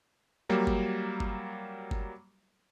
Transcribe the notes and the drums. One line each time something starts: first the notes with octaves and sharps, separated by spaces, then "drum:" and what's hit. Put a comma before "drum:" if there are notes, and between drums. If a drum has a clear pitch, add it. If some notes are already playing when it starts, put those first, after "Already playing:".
F#3 G3 A#3
drum: kick G1
drum: kick G1
drum: kick G1